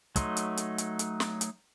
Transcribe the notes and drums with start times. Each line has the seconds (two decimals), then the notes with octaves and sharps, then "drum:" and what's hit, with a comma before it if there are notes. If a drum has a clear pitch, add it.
0.16 F#3 A3 D#4 C6, drum: kick, hi-hat
0.37 drum: hi-hat
0.57 drum: hi-hat
0.78 drum: hi-hat
0.99 drum: hi-hat
1.20 drum: snare
1.41 drum: hi-hat